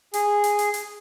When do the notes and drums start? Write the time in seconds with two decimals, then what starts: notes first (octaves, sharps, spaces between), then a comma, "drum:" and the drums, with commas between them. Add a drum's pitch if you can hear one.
0.14 G#4, drum: hi-hat
0.44 drum: hi-hat
0.59 drum: hi-hat
0.74 drum: hi-hat